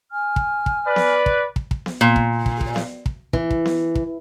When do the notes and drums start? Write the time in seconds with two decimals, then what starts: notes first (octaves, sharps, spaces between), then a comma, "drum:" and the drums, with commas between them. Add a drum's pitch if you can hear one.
0.12 G#5 F6
0.36 drum: kick
0.66 drum: kick
0.86 B4 D5
0.96 drum: snare B3
1.26 drum: kick
1.56 drum: kick
1.71 drum: kick
1.86 drum: snare B3
2.01 A#2
2.16 drum: kick
2.46 drum: kick
2.61 drum: kick
2.76 drum: snare B3
3.06 drum: kick
3.33 E3, drum: kick
3.51 drum: kick
3.65 drum: snare B3
3.95 drum: kick